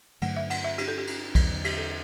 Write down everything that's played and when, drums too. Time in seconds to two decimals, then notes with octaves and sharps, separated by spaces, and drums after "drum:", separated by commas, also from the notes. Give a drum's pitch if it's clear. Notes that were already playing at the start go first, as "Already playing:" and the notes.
0.22 G2 D3 F#3 A3 F#5, drum: cymbal
0.36 E5
0.50 F#5, drum: cymbal
0.64 E5
0.78 G4, drum: cymbal
0.88 A4
0.98 G4
1.07 drum: cymbal
1.35 E2 D3 F#3, drum: kick B1, cymbal
1.65 G4, drum: cymbal
1.78 A4